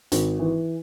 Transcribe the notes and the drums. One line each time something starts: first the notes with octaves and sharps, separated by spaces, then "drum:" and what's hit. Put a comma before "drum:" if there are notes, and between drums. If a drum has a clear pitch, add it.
G#1, drum: hi-hat
E3